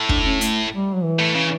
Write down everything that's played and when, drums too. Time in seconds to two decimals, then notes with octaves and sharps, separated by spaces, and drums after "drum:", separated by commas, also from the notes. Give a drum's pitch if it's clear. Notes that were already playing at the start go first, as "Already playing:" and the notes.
Already playing: A2
0.09 D4, drum: kick
0.26 C#4
0.41 A3, drum: hi-hat
0.72 G3
0.95 F#3
1.04 E3
1.19 A2
1.35 C#3